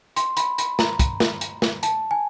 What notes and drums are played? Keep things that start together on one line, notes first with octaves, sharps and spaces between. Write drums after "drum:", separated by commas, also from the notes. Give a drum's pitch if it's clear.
C6, drum: hi-hat
B5, drum: hi-hat
B5, drum: hi-hat
A#5, drum: snare
drum: kick, hi-hat
drum: snare
drum: hi-hat
drum: snare
A5, drum: hi-hat
G#5